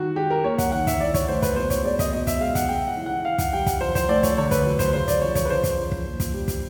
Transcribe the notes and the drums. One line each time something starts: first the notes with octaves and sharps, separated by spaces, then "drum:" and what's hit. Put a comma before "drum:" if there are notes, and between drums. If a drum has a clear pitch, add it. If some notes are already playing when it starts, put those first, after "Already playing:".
Already playing: D#3 G3 F#4
G#3 G4
A#4
D#2 C#5
F#5, drum: kick, hi-hat
D#3 F#5
E5, drum: kick, hi-hat
E3 D5
C#5, drum: kick, hi-hat
A3 C5
B4, drum: kick, hi-hat
B2 C5
C#5, drum: kick, hi-hat
G#3 D5
D#5, drum: kick, hi-hat
B2 D#5
E5, drum: kick, hi-hat
G#3 F5
F#5, drum: kick, hi-hat
C#3 G5
F#5
E3
F#5
E3 F5
F#5, drum: kick, hi-hat
G3 G5
F#5, drum: kick, hi-hat
F3 C5
C5, drum: kick, hi-hat
A3 D5
C#5, drum: kick, hi-hat
D3 C#5
B4, drum: kick, hi-hat
F#3
C5, drum: kick, hi-hat
C#3 C5
D5, drum: kick, hi-hat
F3 C#5
C#5, drum: kick, hi-hat
B4
C#3 C5
drum: kick, hi-hat
F3
drum: kick
A#2
drum: kick, hi-hat
G3
drum: kick, hi-hat